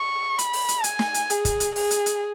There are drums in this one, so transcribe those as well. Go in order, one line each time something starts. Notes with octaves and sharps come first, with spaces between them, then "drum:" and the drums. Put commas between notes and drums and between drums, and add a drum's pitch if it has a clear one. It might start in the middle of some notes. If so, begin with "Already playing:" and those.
Already playing: C#6
B5, drum: hi-hat
drum: open hi-hat
drum: hi-hat
G#5, drum: hi-hat
drum: snare
drum: hi-hat
G#4, drum: hi-hat
drum: kick, hi-hat
drum: hi-hat
G#4, drum: open hi-hat
drum: hi-hat
drum: hi-hat